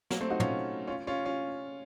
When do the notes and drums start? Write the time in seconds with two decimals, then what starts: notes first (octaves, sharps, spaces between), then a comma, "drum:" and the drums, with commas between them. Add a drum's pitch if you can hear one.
0.10 F#3 A#3, drum: snare
0.21 A3 C4
0.30 D#4 F#4
0.40 C#4 F4, drum: tom
0.87 C#4 F4
1.07 C#4 F4
1.25 C#4 F4